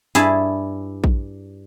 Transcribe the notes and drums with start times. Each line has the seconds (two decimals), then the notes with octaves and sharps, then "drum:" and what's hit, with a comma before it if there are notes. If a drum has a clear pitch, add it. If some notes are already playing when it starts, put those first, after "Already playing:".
0.15 G2 E4 G#4 E5 A5, drum: snare
1.04 drum: kick A#1